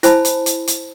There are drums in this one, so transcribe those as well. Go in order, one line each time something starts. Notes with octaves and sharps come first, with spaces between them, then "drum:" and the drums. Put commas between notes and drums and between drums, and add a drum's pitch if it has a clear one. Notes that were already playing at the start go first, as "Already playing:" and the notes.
E4 C5 G#5 A5 B5, drum: hi-hat
drum: hi-hat
drum: hi-hat
drum: hi-hat